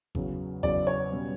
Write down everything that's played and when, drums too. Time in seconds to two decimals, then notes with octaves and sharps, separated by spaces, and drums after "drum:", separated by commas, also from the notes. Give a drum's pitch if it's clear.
0.15 E2 C#3 F#3, drum: kick G#1
0.63 E2 C#3 F#3 D5, drum: kick G#1
0.87 C#5
1.12 B2 G3 C#4